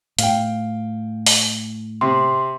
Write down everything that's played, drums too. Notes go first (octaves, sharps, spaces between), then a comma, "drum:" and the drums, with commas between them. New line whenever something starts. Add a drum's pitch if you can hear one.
A2 F5 G5, drum: hi-hat
drum: open hi-hat
C3 C6